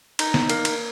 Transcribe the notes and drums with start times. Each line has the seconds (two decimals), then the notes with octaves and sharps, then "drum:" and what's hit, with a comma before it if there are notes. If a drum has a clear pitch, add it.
0.19 D#4, drum: cymbal
0.34 drum: snare
0.49 A#3, drum: cymbal
0.65 drum: cymbal